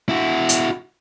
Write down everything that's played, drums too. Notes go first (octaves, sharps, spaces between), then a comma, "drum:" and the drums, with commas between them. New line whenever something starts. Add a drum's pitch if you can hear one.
E4 F#4
drum: hi-hat